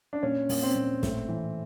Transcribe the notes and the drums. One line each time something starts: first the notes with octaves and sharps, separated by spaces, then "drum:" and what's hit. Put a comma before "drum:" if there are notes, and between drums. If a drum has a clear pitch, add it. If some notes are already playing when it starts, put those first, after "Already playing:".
D4
A#2 C#4
A#2, drum: open hi-hat
C4
A#2
A2, drum: snare
E3